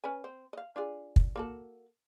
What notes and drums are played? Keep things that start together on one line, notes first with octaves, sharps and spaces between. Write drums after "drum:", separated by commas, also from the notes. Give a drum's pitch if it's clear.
C#4 B4 G#5
C4 C5
D#5 F5
D4 F4 G#4
drum: kick
A#3 F#4 A4